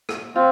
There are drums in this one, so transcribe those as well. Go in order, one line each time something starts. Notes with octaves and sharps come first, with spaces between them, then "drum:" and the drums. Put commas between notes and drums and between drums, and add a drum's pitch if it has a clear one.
drum: rim click
C4 F4